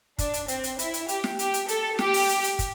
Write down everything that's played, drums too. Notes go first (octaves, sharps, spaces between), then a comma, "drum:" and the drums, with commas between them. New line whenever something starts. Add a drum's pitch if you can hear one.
D4, drum: kick, hi-hat
drum: hi-hat
C4, drum: hi-hat
drum: hi-hat
E4, drum: hi-hat
drum: hi-hat
G4, drum: hi-hat
drum: snare
G4, drum: hi-hat
drum: hi-hat
A4, drum: hi-hat
G4, drum: snare
drum: open hi-hat
drum: hi-hat
drum: hi-hat
drum: kick, hi-hat